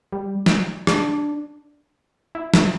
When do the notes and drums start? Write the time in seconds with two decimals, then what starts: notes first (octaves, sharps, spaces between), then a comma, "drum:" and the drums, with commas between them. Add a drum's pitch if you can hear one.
0.12 G3
0.46 drum: snare
0.87 D4, drum: rim click
2.35 E4
2.54 E4, drum: snare